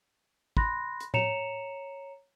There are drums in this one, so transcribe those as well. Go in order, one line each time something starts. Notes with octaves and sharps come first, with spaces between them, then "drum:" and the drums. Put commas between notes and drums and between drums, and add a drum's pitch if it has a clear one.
B5 C6 F#6 A#6, drum: kick
drum: hi-hat
C#5 A#5 C#7 E7 F7, drum: tom A2